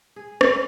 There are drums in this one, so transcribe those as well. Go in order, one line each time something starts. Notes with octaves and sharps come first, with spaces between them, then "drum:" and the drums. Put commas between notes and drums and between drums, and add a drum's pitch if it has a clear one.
G#4
drum: rim click